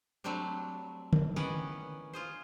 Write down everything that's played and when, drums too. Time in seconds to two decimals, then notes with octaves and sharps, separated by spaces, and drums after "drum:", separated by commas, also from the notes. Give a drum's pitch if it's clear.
0.24 F#3 G3 A3 C4 D4
1.13 drum: tom D3
1.36 D#3 E3 B3 C#4 D5 F#5
2.13 F4 G#4 C5